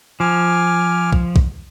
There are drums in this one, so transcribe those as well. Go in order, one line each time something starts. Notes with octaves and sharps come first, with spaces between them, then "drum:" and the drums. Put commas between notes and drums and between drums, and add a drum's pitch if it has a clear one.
F3 G#5 D6 F6
drum: kick B1
drum: kick B1